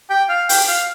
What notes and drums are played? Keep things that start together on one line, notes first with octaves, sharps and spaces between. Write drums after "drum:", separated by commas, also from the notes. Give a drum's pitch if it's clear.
G5
F5
G5, drum: open hi-hat
F5